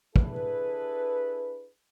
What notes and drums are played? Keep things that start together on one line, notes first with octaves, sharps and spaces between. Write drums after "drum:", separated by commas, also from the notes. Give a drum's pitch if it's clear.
D4 E4 G#4 A4 B4, drum: kick